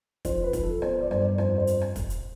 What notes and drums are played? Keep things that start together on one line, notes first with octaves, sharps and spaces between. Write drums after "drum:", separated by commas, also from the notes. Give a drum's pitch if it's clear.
F3 C5, drum: kick, hi-hat
B4
F3, drum: kick, hi-hat
A4
B3 C5, drum: rim click
D5
G2 C5, drum: rim click
D5
F2 C5, drum: rim click
C5
drum: hi-hat
drum: rim click
drum: kick, hi-hat
drum: hi-hat